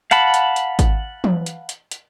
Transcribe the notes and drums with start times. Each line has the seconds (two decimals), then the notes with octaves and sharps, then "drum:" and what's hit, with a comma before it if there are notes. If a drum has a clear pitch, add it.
0.11 F5 F#5 A5 B5, drum: hi-hat
0.34 drum: hi-hat
0.56 drum: hi-hat
0.79 drum: kick G#1, hi-hat
1.24 drum: tom E3
1.46 drum: hi-hat
1.69 drum: hi-hat
1.91 drum: hi-hat